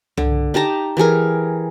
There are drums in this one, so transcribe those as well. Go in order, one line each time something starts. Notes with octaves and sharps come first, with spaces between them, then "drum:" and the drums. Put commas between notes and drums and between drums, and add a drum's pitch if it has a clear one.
D3, drum: tom C2
D#4 G4 A5 A#5
E3 G4 G#4 A#4